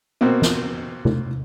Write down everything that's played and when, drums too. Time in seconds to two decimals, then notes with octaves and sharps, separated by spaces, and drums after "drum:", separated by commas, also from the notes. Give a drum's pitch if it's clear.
0.21 B2 A#3 C4
0.42 drum: snare
1.05 drum: tom C3